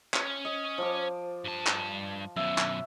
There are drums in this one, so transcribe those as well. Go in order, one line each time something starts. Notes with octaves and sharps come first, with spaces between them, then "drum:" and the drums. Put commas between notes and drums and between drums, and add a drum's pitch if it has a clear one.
C#4, drum: clap
D#5
F3 D6
G2 A5
drum: clap
F#2 B2 E5
drum: clap